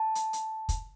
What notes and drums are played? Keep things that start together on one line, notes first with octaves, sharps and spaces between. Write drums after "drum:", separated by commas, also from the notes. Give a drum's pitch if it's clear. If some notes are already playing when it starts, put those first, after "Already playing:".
Already playing: A5
drum: hi-hat
drum: hi-hat
drum: kick, hi-hat